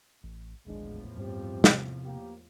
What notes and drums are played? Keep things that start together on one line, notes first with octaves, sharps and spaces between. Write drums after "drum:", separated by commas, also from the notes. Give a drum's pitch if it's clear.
A1
D1 G#1 E2 A2 F3 G#3 D4
G2 C4 G4
C3, drum: snare
A#3 G4